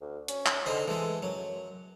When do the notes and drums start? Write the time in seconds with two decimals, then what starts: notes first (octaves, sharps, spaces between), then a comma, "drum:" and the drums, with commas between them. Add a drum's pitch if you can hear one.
0.01 D2
0.28 C#4, drum: hi-hat
0.46 drum: clap
0.66 D3 G#3 D#4 C5
0.88 E3 G#3 A4
1.23 F#2 F#3